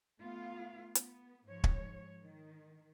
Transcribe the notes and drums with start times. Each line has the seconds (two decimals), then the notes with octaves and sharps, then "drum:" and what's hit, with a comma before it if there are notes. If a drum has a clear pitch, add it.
0.19 A3 B3 F4 F5
0.95 B3, drum: hi-hat
1.47 G#2 F3 C#5
1.64 drum: kick
2.22 D#3